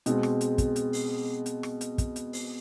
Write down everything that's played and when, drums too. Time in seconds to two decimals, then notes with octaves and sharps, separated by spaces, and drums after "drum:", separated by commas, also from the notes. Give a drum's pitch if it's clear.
0.06 B2 G#3 C4, drum: hi-hat
0.23 drum: rim click
0.41 drum: hi-hat
0.58 drum: kick, hi-hat
0.76 drum: hi-hat
0.93 drum: open hi-hat
1.46 drum: hi-hat
1.63 drum: rim click
1.81 drum: hi-hat
1.98 drum: kick, hi-hat
2.16 drum: hi-hat
2.33 drum: open hi-hat